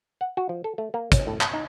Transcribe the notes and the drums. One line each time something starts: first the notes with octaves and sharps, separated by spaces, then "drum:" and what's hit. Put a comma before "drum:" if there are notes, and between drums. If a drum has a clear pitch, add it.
F#5
F#4
F3
A4
A3
A#3
C#5, drum: kick, hi-hat
A2
A5, drum: clap
D#4